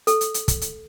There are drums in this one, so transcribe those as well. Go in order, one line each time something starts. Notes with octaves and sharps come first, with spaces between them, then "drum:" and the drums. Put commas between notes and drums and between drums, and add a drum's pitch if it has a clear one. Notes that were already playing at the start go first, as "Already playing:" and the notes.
A4, drum: hi-hat
drum: hi-hat
drum: hi-hat
drum: kick, hi-hat
drum: hi-hat